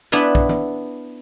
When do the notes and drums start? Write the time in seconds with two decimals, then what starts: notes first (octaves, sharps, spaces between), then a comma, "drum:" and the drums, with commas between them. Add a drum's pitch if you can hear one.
0.12 B3 D4 E4 B4
0.35 drum: kick
0.49 drum: tom